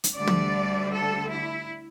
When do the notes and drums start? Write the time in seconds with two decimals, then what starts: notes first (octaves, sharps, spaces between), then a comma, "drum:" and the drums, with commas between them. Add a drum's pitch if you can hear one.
0.04 drum: hi-hat
0.15 D2 D3 G3 D5
0.27 drum: tom
0.90 A4
1.27 E4